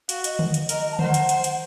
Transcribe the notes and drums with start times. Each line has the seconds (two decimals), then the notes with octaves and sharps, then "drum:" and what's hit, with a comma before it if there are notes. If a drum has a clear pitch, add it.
0.09 F#4 F5, drum: hi-hat
0.24 D#5, drum: hi-hat
0.39 drum: tom D3
0.54 drum: hi-hat
0.69 A#4, drum: hi-hat
0.91 A5
0.99 C5 F#5, drum: tom D3
1.14 drum: hi-hat
1.29 C5, drum: hi-hat
1.44 drum: hi-hat